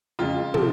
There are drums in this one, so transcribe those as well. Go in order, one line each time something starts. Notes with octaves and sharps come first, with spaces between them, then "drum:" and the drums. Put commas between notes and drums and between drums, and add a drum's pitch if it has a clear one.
F2 C#3 G#3 F4
C3 F3 C4, drum: tom